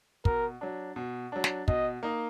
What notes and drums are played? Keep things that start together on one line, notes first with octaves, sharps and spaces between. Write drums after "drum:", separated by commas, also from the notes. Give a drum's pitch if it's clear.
B2 A#4, drum: kick
F#3 D4
B2
F#3 D4
drum: snare
B2 D#5, drum: kick
A#3 D#4